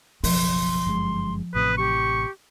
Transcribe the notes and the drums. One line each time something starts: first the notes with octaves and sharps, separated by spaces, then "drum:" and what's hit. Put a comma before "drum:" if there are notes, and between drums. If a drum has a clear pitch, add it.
F#1 B1 F3 C6, drum: open hi-hat
G1 F#2 G#3
A1 A2 C3 B4 D#6
G4 C#6